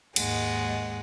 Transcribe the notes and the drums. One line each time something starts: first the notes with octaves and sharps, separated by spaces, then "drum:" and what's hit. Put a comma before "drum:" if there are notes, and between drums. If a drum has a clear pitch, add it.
D#2 G#2 G#3 F#5, drum: cymbal